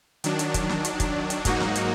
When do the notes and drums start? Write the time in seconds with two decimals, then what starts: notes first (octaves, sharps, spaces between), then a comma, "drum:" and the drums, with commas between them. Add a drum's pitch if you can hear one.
0.24 D#3 F#3 D4, drum: hi-hat
0.39 drum: hi-hat
0.54 drum: kick, hi-hat
0.69 drum: snare
0.85 drum: hi-hat
1.00 drum: kick, hi-hat
1.30 drum: hi-hat
1.45 G#2 F#3 A#3 D#4 F#4, drum: kick, hi-hat
1.60 drum: snare
1.75 drum: hi-hat